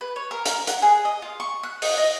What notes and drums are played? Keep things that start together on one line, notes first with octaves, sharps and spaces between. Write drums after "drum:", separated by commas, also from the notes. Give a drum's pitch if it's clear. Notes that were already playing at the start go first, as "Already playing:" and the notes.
B4
C#5
A#4
A#4, drum: hi-hat
F#5, drum: hi-hat
G#4
D#5
F4
C#6
F#6
D#4, drum: open hi-hat
D#5